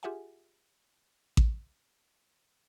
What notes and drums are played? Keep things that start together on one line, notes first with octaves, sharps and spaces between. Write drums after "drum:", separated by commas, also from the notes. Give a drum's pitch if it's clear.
F4 G4 G#4 E5 F#5 G#5
drum: kick A1